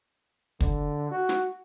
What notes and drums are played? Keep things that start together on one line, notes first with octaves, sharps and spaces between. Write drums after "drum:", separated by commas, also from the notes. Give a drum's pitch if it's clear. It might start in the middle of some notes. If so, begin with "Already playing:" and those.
D3, drum: kick
F#4
drum: snare